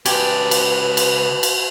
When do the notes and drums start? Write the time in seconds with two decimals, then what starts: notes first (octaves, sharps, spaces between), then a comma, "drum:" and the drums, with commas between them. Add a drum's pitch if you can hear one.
0.06 C#2 G4 B4 D5 G#5 A5, drum: cymbal
0.51 drum: cymbal
0.97 drum: cymbal
1.43 drum: cymbal